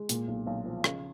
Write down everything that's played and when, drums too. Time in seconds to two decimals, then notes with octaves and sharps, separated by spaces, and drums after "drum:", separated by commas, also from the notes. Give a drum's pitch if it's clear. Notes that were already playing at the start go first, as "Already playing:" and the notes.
Already playing: G#3
0.09 A#2, drum: hi-hat
0.28 B1
0.47 B1
0.66 F3
0.84 C#3, drum: rim click